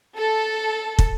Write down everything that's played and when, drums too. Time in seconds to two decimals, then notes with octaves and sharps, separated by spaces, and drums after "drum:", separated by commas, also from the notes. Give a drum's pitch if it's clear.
0.18 A4
0.99 drum: kick